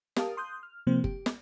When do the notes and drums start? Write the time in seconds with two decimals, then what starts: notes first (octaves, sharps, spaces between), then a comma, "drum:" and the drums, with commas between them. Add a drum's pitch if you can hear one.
0.16 G4 A#4 F5 A5 D#6, drum: snare
0.37 C6 D#6 F#6 G6
0.63 F6
0.87 C3 F3 A#3 C4 C5
1.04 G4, drum: kick F#1
1.26 drum: snare